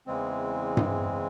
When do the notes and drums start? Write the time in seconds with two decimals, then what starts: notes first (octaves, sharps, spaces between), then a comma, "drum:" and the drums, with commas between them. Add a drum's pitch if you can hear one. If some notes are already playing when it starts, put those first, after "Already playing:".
0.07 E2 C#3 E3 G#3 C4
0.77 drum: tom G2